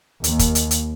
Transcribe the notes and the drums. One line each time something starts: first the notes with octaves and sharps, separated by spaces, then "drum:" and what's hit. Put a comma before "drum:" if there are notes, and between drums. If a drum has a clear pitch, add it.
D#2, drum: hi-hat
drum: kick, hi-hat
drum: hi-hat
drum: hi-hat